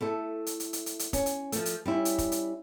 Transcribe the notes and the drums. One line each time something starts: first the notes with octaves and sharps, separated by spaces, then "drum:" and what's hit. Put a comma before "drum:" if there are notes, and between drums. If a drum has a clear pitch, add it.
A3 E4 A4
drum: hi-hat
drum: hi-hat
drum: hi-hat
drum: hi-hat
drum: hi-hat
C#4, drum: kick, hi-hat
drum: hi-hat
F3 A3, drum: hi-hat
drum: hi-hat
G3 C#4 E4
drum: hi-hat
drum: kick, hi-hat
drum: hi-hat